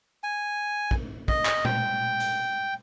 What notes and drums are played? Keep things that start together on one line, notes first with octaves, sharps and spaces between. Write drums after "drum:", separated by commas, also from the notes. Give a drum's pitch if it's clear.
G#5
drum: kick
D#5, drum: kick
drum: clap
G5, drum: tom A#2
drum: hi-hat